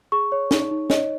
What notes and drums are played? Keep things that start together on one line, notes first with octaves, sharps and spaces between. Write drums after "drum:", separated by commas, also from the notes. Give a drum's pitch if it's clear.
G#4 C#6
C#5
D#4, drum: snare
D#4
C#5 D#5, drum: snare